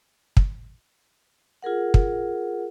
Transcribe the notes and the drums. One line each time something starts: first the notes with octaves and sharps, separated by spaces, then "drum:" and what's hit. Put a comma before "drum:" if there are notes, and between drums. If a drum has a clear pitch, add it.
drum: kick
F4 G#4 A#4 F#5
drum: kick